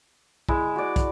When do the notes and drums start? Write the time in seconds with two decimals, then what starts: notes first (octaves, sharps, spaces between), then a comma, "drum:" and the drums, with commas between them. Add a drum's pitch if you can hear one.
0.49 G#3 E4, drum: kick
0.76 F#4 D5
0.96 drum: kick, hi-hat